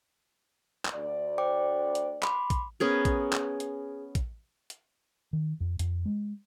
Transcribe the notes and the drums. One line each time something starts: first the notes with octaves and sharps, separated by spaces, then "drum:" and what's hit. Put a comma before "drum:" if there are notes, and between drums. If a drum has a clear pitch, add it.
drum: clap
D2 D5
C5 G5 D6
drum: hi-hat
B5 C6 D6, drum: clap
drum: kick, hi-hat
B3 C#4 G#4 A#4
drum: kick, hi-hat
drum: clap
drum: hi-hat
drum: kick, hi-hat
drum: hi-hat
D#3
F2
F2, drum: hi-hat
G#3